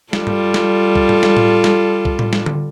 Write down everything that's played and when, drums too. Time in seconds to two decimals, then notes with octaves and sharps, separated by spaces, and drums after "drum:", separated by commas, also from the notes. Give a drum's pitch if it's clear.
0.13 G3 F4 A4, drum: snare
0.27 drum: tom G2
0.54 drum: snare
0.95 drum: kick
1.09 drum: tom G2
1.23 drum: snare
1.37 drum: tom A2
1.64 drum: snare
2.05 drum: kick
2.19 drum: tom A2
2.33 drum: snare
2.46 drum: tom D3